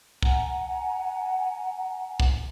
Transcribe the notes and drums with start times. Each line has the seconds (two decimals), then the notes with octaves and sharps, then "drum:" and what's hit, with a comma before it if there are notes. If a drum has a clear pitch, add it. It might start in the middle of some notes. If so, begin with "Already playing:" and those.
0.23 F#5 G#5 A#5, drum: kick
2.20 drum: kick